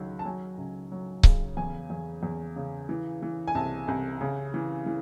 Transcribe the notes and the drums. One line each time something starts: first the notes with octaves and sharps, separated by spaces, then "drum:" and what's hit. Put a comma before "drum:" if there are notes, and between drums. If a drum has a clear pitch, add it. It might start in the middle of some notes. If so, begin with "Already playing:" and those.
Already playing: C#2 D#3 F#3
A5
F#3 G#5
C#2
F#3
C#3, drum: kick C#1
E2 G#5
E2
E2
C#3
E3
E3
G#5
C2 A5
C2 G#5
C#3
E3
E3